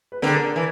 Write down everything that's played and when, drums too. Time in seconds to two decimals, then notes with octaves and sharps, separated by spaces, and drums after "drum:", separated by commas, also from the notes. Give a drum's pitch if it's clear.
0.12 B4
0.22 D3 G#4 A#4, drum: snare
0.56 E3